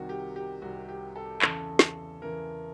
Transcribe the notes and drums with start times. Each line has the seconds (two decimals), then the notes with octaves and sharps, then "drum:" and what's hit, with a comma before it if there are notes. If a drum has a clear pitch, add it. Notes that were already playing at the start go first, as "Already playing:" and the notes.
Already playing: C2 C3 D#3 F#4
0.09 G4
0.36 G4
0.62 C2 C3 D#3 F#4
0.89 G4
1.16 A4
1.42 E2 C#3 E3 A4, drum: clap
1.79 drum: snare
2.22 E2 C#3 E3 A#4